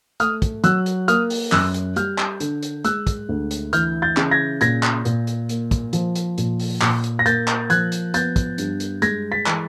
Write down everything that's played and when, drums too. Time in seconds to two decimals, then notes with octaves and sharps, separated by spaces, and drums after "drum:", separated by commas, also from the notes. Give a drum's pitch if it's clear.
0.20 A3 D#6 F6, drum: hi-hat
0.42 drum: kick, hi-hat
0.64 F#3 E6 F#6, drum: hi-hat
0.86 drum: hi-hat
1.08 A#3 D#6 F6, drum: hi-hat
1.30 drum: open hi-hat
1.52 F#2 E6 F#6, drum: clap
1.74 drum: hi-hat
1.96 G3 F6 G6, drum: hi-hat
2.18 drum: clap
2.40 D3, drum: hi-hat
2.63 drum: hi-hat
2.84 G#3 E6 F#6, drum: hi-hat
3.07 drum: kick, hi-hat
3.29 D2
3.51 drum: hi-hat
3.73 E3 F6 G6, drum: hi-hat
4.02 G6 A6
4.17 C#3, drum: clap
4.31 G#6 A#6
4.61 A#2 G#6 A#6, drum: hi-hat
4.83 drum: clap
5.05 A#2, drum: hi-hat
5.27 drum: hi-hat
5.49 A#3, drum: hi-hat
5.71 drum: kick, hi-hat
5.93 F3, drum: hi-hat
6.15 drum: hi-hat
6.38 A#2, drum: hi-hat
6.60 drum: open hi-hat
6.82 A#2, drum: clap
7.04 drum: hi-hat
7.19 A#6
7.26 A#3 G6 A6, drum: hi-hat
7.48 drum: clap
7.70 F3 F#6 G#6, drum: hi-hat
7.92 drum: hi-hat
8.14 B3 G6 A6, drum: hi-hat
8.36 drum: kick, hi-hat
8.58 G2, drum: hi-hat
8.80 drum: hi-hat
9.02 G#3 G#6 A#6, drum: hi-hat
9.32 A6 B6
9.46 E3, drum: clap